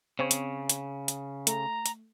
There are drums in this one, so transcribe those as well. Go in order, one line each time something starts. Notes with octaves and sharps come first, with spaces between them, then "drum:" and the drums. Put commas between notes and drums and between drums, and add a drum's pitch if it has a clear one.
C#3 C4 C#5
drum: hi-hat
drum: hi-hat
drum: hi-hat
A3 A#5, drum: hi-hat
drum: hi-hat